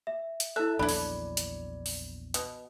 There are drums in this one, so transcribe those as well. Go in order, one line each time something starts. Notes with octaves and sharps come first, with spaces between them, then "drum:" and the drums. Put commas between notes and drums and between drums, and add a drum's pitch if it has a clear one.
E5
drum: hi-hat
E4 A4 E5 A5 F#6
A#1 E2 F#3 D4 E4 D5 B5
drum: open hi-hat
drum: hi-hat
drum: open hi-hat
B2, drum: hi-hat